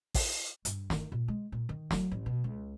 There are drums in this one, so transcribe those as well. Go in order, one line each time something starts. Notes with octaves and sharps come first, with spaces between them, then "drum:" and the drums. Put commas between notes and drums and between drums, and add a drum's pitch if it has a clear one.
drum: kick, open hi-hat
G2, drum: hi-hat
D#3, drum: snare
A#2
G#3
A#2
D#3
F#3, drum: snare
A1
B2
C#2